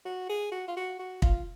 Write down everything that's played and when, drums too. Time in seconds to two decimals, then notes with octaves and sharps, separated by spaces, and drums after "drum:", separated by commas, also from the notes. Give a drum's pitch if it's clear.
0.05 F#4
0.29 G#4
0.52 F#4
0.68 F4
0.76 F#4
0.99 F#4
1.22 F4, drum: kick